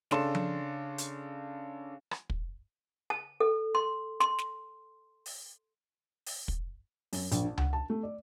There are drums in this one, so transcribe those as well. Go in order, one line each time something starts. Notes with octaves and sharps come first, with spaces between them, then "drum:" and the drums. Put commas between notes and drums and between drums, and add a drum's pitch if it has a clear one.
C#3 D4 A4 C6 E7, drum: snare
drum: tom F3
drum: hi-hat
drum: rim click
drum: kick
A5
A4
C6
C6, drum: snare
drum: snare
drum: open hi-hat
drum: open hi-hat
drum: kick
F#2, drum: open hi-hat
A#1, drum: hi-hat
D4
F#5, drum: tom C#2
A5
A3
D5